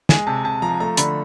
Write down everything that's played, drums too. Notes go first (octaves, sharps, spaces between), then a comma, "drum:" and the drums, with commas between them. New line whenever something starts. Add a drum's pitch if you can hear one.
G#3 G#5, drum: snare
C3 A5
C3 A5
F3 A#5
A3 A#5
D3 B5, drum: hi-hat